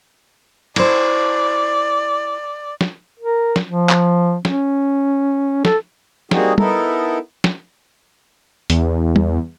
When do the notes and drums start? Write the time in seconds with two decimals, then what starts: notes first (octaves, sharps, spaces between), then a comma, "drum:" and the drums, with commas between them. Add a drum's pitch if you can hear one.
0.76 E4 C5 D5, drum: cymbal
2.81 drum: snare
3.20 A#4
3.56 drum: snare
3.66 F3
3.89 drum: clap
4.45 C#4, drum: snare
5.65 A4, drum: snare
6.31 G3 A#3 C4 D#4 F#4 G#4, drum: snare
6.58 B3 D#4 E4 A4 A#4, drum: tom
7.44 drum: snare
8.70 E2, drum: hi-hat
9.16 drum: tom